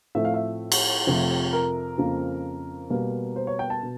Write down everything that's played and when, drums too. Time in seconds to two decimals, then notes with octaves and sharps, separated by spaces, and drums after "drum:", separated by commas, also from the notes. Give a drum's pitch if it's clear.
0.15 A2 F3 A3 C4 E5
0.25 F5
0.34 E5
0.72 drum: cymbal
1.07 F2 C3 F3 A3
1.53 A#4
1.98 F2 C#3 F3 A#3
2.90 B2 G3 A#3
3.36 C5
3.47 C#5
3.59 G5
3.70 A5
3.83 B2